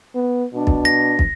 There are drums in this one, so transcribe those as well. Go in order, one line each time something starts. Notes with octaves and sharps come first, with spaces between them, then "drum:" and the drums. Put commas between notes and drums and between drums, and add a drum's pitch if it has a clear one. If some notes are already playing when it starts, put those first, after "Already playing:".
B3
B2 D4
drum: kick
A#6
drum: kick